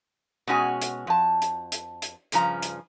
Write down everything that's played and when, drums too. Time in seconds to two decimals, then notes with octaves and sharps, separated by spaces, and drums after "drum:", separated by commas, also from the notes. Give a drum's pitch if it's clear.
0.47 B2 G#3 C#4 F#4 G#5
0.82 drum: hi-hat
1.07 F2 A5
1.42 drum: hi-hat
1.72 drum: hi-hat
2.02 drum: hi-hat
2.32 G2 C#3 F3 A#5, drum: hi-hat
2.62 drum: hi-hat